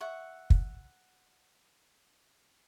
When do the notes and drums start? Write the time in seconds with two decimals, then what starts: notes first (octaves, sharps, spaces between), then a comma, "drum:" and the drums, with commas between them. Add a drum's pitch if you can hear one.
0.01 E5 F#5 C#6
0.50 drum: kick